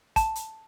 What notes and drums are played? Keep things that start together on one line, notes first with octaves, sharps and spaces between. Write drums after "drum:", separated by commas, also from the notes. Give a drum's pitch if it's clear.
A5, drum: kick, hi-hat
drum: hi-hat